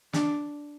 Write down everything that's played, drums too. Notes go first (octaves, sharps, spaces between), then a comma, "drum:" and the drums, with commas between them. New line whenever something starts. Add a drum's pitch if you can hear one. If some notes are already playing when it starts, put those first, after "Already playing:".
D4, drum: snare